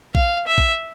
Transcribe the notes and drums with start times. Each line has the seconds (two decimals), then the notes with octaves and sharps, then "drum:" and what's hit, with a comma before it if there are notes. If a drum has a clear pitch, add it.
0.15 F5, drum: kick A#1
0.47 E5
0.58 drum: kick A#1